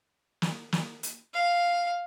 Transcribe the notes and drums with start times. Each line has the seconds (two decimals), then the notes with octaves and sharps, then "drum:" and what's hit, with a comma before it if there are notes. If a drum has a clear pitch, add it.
0.42 drum: snare
0.72 drum: snare
1.03 drum: hi-hat
1.34 F5